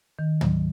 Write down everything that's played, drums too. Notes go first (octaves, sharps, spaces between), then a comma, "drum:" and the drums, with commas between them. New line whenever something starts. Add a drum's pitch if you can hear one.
D#3
F#3, drum: tom